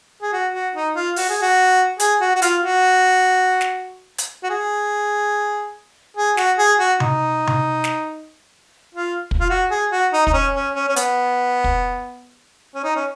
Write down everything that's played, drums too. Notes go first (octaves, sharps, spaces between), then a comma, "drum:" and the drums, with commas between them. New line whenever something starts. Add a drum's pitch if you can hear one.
G#4
F#4
F#4
D#4
F4
F#4, drum: open hi-hat
G#4
F#4
G#4, drum: hi-hat
F#4
F#4
F4, drum: hi-hat
F#4
drum: snare
drum: hi-hat
F#4
G#4
G#4
F#4, drum: snare
G#4
F#4
D#4, drum: tom C3
drum: tom C3
drum: snare
F4
drum: kick
F4
F#4
G#4
F#4
D#4
D#4, drum: kick
C#4
C#4
C#4
C#4
B3, drum: hi-hat
drum: kick
C#4
D#4
C#4